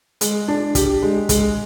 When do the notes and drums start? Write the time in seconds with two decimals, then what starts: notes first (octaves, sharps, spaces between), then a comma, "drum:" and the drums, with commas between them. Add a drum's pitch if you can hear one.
0.21 G#3, drum: hi-hat
0.48 D4
0.75 G4, drum: kick, hi-hat
1.02 G#3
1.29 G#3, drum: kick, hi-hat